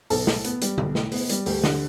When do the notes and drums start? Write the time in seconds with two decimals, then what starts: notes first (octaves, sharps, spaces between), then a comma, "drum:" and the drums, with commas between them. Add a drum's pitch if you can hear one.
0.10 B1 A4, drum: open hi-hat
0.27 A2, drum: snare
0.45 B3, drum: hi-hat
0.62 G3, drum: hi-hat
0.78 B1, drum: tom D3
0.95 A2, drum: snare
1.12 B3, drum: open hi-hat
1.29 G3, drum: hi-hat
1.46 D2 G4, drum: open hi-hat
1.64 D3, drum: snare